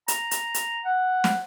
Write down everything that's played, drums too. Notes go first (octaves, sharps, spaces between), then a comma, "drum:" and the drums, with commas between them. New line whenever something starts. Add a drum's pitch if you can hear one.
A#5, drum: hi-hat
drum: hi-hat
drum: hi-hat
F#5
drum: snare